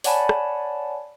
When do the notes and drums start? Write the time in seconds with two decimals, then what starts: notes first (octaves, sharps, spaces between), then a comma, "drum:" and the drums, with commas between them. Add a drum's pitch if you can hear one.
0.04 C#5 D5 F#5 G#5 A5 B5, drum: open hi-hat
0.29 drum: rim click